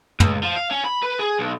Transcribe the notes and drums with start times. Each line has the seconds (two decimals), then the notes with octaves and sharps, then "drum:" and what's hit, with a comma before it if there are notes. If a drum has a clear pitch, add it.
0.20 C#2, drum: tom
0.43 F3
0.56 F5
0.71 C#4
0.85 B5
1.03 B4
1.19 G#4
1.39 B1